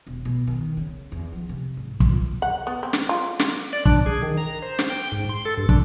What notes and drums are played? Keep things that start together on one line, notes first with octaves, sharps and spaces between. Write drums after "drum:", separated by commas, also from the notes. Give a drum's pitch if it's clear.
E1
B2
D#3
C#3
E2
F3
C3
G#2
drum: kick
F4
F#5
B3
C4
drum: snare
F4
drum: snare
D5
D4, drum: kick
G#4
D#3
A#5
C5
drum: snare
G5
G#2
C6
A4
G2
D4, drum: kick